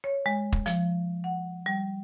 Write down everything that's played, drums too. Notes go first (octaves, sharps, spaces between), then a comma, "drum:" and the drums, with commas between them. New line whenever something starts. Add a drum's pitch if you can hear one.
C#5
G#3
drum: kick
F3, drum: hi-hat
F#5
G3